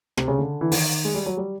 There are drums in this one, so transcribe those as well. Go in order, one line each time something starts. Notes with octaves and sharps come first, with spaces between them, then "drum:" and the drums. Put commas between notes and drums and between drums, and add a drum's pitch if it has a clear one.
C3, drum: rim click
C#3
D3
E3
D#3, drum: open hi-hat
G#3
G3
F#3
G3